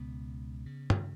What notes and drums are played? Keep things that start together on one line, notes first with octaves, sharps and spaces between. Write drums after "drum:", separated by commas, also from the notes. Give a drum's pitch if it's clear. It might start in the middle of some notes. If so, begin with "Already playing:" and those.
Already playing: C#2 B2 B3
C#3
drum: tom